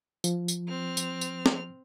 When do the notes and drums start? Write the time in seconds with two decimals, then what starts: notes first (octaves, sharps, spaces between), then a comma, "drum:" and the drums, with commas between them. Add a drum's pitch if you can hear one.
0.24 F3, drum: tambourine
0.48 drum: tambourine
0.69 C4 F6
0.97 drum: tambourine
1.21 drum: tambourine
1.46 drum: snare